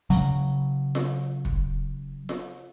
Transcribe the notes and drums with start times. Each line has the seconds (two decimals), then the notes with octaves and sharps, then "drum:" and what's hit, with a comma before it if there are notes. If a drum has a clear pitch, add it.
0.10 C#3 F#3, drum: hi-hat
0.95 drum: snare F4
1.45 drum: kick
2.29 drum: snare F4